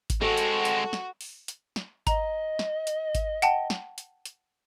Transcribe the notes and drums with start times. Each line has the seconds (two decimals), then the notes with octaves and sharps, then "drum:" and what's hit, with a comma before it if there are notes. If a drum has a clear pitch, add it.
0.10 drum: kick G#1, hi-hat
0.22 G#3 C4 F#4 A4
0.37 drum: hi-hat
0.65 drum: hi-hat
0.93 drum: snare
1.21 drum: open hi-hat
1.48 drum: hi-hat
1.76 drum: snare
2.07 D#5 A#5, drum: kick G#1, hi-hat
2.59 drum: snare
2.87 drum: hi-hat
3.15 drum: kick G#1, hi-hat
3.42 F#5 G5 A5, drum: hi-hat
3.70 drum: snare
3.98 drum: hi-hat
4.25 drum: hi-hat